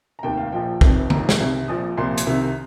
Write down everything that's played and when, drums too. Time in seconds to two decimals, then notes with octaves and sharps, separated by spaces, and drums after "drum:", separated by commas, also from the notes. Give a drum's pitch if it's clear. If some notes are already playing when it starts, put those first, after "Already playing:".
0.19 A#5
0.23 F1 D#2 D#3 G5
0.37 F5
0.52 A#1 A#2 F3 G5
0.81 G1 F2 C3 D#3, drum: kick
1.10 G1 F2 C3 D#3 A#5, drum: tom
1.29 drum: snare
1.39 C2 C3 D#3
1.68 A#1 A#2 F3 D#6
1.97 C2 A#2 F3 C6
2.17 drum: hi-hat
2.27 C2 C3 D#3